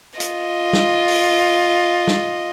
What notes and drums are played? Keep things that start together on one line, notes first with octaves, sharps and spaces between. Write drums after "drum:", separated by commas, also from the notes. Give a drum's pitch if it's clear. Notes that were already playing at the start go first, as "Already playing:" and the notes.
F4 D#5, drum: hi-hat
drum: snare
drum: open hi-hat
drum: snare